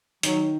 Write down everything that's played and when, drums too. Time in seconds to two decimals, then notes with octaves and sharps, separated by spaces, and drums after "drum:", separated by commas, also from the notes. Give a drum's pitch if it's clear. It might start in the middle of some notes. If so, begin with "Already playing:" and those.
0.23 D#3 F#3, drum: hi-hat